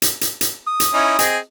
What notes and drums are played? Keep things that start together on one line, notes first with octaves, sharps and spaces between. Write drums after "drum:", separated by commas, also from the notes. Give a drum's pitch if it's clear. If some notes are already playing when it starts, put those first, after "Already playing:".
drum: hi-hat
drum: hi-hat
drum: hi-hat
D#6
drum: hi-hat
C#4 D#4 E4
C4 G#4 D#5, drum: hi-hat